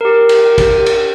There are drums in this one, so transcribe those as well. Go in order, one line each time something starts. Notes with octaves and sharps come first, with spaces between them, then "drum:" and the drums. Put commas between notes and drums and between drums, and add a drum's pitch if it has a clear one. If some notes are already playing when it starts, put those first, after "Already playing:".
G4 A#4
drum: cymbal
drum: kick, cymbal
drum: cymbal